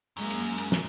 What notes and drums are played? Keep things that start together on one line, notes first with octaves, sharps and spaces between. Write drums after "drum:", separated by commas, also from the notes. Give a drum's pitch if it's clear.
F#2 G#3 A#3
drum: cymbal
drum: cymbal
drum: snare